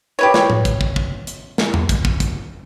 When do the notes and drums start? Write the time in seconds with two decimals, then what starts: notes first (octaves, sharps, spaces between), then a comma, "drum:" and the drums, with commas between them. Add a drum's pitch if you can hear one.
0.19 G4 B4 C#5
0.34 drum: snare
0.50 drum: tom A2
0.65 drum: kick, hi-hat
0.81 drum: kick
0.96 drum: kick
1.27 drum: hi-hat
1.58 drum: snare
1.74 drum: tom E2
1.89 drum: kick, hi-hat
2.05 drum: kick
2.20 drum: kick, hi-hat